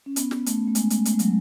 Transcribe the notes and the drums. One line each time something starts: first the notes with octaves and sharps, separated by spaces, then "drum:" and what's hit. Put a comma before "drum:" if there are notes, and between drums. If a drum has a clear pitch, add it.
C#4
B3, drum: hi-hat
drum: snare
A3, drum: hi-hat
A3
G#3, drum: hi-hat
drum: hi-hat
A3, drum: hi-hat
G#3
F#3, drum: hi-hat